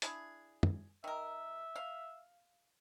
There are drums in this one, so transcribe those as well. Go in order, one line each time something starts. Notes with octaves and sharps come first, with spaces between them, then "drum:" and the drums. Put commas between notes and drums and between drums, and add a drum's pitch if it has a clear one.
D4 E4 G#4, drum: hi-hat
drum: tom
D#3 A#4 E5
F5